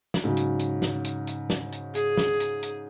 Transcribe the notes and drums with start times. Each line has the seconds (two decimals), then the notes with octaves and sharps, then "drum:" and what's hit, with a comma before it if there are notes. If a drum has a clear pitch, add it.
0.14 drum: snare
0.24 G#2 C#3 F#3
0.37 drum: hi-hat
0.59 drum: hi-hat
0.82 drum: snare
1.05 drum: hi-hat
1.27 drum: hi-hat
1.50 drum: snare
1.72 drum: hi-hat
1.95 G#4, drum: hi-hat
2.17 drum: snare
2.40 drum: hi-hat
2.63 drum: hi-hat